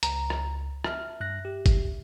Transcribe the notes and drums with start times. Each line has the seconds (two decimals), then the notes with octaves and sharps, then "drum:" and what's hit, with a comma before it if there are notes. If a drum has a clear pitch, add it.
0.03 C#2 A#5, drum: hi-hat
0.30 drum: rim click
0.84 E5 A5 F6, drum: rim click
1.20 G2 F#6 A#6
1.45 G4
1.66 drum: kick, hi-hat